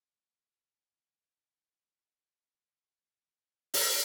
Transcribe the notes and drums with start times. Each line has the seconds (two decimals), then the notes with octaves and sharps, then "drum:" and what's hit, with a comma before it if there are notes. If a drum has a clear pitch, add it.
0.18 C5 D#5 F5 A5 A#5
1.81 D#4 F#4 D5 D#5
2.78 B5 C#6
3.24 A#4 C#5 D5
3.74 drum: open hi-hat